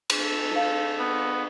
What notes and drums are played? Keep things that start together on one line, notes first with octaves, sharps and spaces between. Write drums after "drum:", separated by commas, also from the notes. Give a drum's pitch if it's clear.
drum: cymbal
A4
D#4 F5
B3